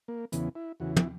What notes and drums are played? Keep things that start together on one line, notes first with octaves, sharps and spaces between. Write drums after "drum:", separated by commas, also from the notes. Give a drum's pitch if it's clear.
A#3
E2 C#3 E3 B3, drum: hi-hat
E4
E2 C#3 E3 F#4
E4, drum: tom